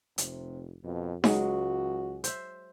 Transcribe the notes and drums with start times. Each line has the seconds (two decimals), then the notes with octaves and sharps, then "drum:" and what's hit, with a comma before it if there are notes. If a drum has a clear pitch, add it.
0.18 F1 C3, drum: hi-hat
0.84 F2 B2
1.24 C#2 F#3 G#3 F#4, drum: snare D#4
2.24 C5 E5, drum: hi-hat